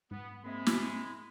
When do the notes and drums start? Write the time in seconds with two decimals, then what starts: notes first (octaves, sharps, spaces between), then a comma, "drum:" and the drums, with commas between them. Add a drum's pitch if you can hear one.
0.11 G#2 B3
0.44 G#3 A#3 C4 E5 B5
0.66 drum: snare